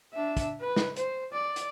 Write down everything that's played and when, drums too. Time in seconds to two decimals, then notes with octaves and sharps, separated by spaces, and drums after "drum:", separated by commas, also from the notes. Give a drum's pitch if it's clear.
0.13 D4 E5
0.37 drum: kick, hi-hat
0.61 B4
0.76 drum: snare
0.96 C5, drum: hi-hat
1.33 D5
1.56 drum: hi-hat